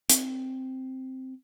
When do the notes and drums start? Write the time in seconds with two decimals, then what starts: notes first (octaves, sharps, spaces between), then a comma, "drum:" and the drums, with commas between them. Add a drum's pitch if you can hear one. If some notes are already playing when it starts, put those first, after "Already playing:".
0.10 C4, drum: hi-hat